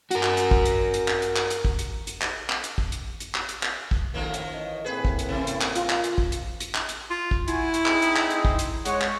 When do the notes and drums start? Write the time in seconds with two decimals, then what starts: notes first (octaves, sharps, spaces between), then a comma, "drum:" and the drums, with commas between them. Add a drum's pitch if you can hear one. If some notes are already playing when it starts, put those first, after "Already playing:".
0.11 F#4 A#4, drum: hi-hat
0.23 drum: clap
0.37 drum: hi-hat
0.51 drum: kick
0.65 drum: hi-hat
0.94 drum: hi-hat
1.08 drum: clap
1.22 drum: hi-hat
1.36 drum: clap
1.50 drum: hi-hat
1.65 drum: kick
1.79 drum: hi-hat
2.07 drum: hi-hat
2.21 drum: clap
2.50 drum: clap
2.64 drum: hi-hat
2.78 drum: kick
2.92 drum: hi-hat
3.20 drum: hi-hat
3.35 drum: clap
3.49 drum: hi-hat
3.63 drum: clap
3.91 drum: kick
4.14 F#2 A2 D#3 F3 A#3
4.34 drum: hi-hat
4.54 E3 C#5 D#5
4.85 A2 A#3 C4 G#4 B4
5.05 drum: kick
5.19 drum: hi-hat
5.29 C3 E3
5.47 drum: hi-hat
5.61 drum: clap
5.75 F4 A#4, drum: hi-hat
5.90 drum: clap
6.04 drum: hi-hat
6.18 drum: kick
6.32 drum: hi-hat
6.60 drum: hi-hat
6.75 drum: clap
6.89 drum: hi-hat
7.10 F4
7.31 drum: kick
7.48 E4 F#4 G#5, drum: hi-hat
7.74 drum: hi-hat
7.86 C4 D#4 G#4, drum: clap
8.02 drum: hi-hat
8.16 drum: clap
8.30 drum: hi-hat
8.45 drum: kick
8.59 drum: hi-hat
8.85 G#3 C#5 F#5, drum: hi-hat
9.01 drum: clap